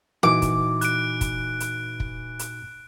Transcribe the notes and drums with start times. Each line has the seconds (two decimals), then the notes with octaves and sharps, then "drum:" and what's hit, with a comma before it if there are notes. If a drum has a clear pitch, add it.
0.23 A#2 E3 D#4 F#4 D6
0.42 drum: kick, hi-hat
0.81 F#6 D7, drum: hi-hat
1.21 drum: kick, hi-hat
1.60 drum: hi-hat
2.00 drum: kick
2.39 drum: hi-hat